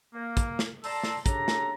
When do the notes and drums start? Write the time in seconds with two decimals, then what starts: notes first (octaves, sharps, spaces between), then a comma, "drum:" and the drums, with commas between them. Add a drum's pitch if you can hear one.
0.14 A#3
0.37 drum: kick, hi-hat
0.59 drum: snare
0.84 A4 D5 A5 A#5 C6 E6, drum: open hi-hat
1.03 drum: snare
1.26 C#3 D4 G4 A4 A#5, drum: kick, hi-hat
1.48 drum: snare